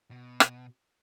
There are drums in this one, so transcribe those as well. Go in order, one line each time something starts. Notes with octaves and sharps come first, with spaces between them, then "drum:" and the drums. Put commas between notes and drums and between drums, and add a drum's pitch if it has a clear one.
B2
drum: rim click